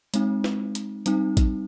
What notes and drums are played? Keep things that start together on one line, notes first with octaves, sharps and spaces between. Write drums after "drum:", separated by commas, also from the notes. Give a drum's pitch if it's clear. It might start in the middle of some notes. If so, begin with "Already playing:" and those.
G#3 C4 D#4, drum: hi-hat
drum: snare
drum: hi-hat
G3 C4 D#4, drum: hi-hat
drum: kick, hi-hat